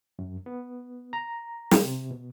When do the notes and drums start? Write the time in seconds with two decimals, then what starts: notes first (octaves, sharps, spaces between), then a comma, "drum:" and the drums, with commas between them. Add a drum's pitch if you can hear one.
0.19 F#2
0.46 B3
1.13 A#5
1.71 drum: snare
1.82 C3
2.11 B2